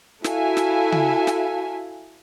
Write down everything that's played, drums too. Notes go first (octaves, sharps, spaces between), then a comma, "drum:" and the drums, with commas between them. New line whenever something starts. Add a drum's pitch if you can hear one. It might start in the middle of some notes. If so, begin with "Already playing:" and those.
E4 F#4 A4 E5 F5 G#5, drum: snare
drum: snare
drum: tom C#3
drum: snare